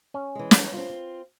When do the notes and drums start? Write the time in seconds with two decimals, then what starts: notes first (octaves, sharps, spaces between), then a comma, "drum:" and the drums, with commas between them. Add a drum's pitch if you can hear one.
0.14 C#4
0.35 E3 G#3
0.51 drum: snare
0.73 C4 F4